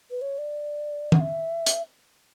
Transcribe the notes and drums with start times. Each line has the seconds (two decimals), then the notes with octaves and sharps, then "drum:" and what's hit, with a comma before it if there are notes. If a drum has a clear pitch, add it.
0.11 B4
0.22 C#5
0.38 D5
1.12 F#5, drum: tom D#3
1.21 E5
1.66 drum: hi-hat